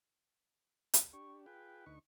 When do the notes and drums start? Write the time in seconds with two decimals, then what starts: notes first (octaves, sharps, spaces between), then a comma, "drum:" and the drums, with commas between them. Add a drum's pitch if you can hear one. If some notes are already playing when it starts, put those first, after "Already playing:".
0.94 drum: hi-hat
1.13 D4 G4 C#6
1.46 F4 G#4 B4 G5
1.86 D2 D#4 C#6